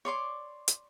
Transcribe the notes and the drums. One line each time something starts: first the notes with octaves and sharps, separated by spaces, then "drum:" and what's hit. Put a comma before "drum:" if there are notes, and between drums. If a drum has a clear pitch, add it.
C#5 D5 C6 D6
drum: hi-hat